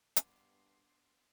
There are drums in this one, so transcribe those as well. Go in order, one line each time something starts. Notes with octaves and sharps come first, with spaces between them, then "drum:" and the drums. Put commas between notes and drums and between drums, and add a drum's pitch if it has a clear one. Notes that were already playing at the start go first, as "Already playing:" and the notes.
G2 B3 D4 G4 A#4 C6, drum: hi-hat